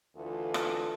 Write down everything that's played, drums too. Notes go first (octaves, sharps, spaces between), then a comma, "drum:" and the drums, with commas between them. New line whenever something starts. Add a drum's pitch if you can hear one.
D2 E3 F4 A4
drum: rim click